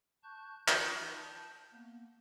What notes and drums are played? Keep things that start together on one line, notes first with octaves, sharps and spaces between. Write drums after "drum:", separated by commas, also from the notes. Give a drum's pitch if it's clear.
A5 C#6 F#6 G6
E3 D#4 F4, drum: clap
A5 G6
A#3 B3